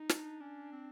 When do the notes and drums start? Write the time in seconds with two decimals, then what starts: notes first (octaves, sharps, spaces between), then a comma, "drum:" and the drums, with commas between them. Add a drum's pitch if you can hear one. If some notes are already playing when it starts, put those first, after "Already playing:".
Already playing: D#4
0.09 D4, drum: snare
0.40 C#4 D4
0.72 C4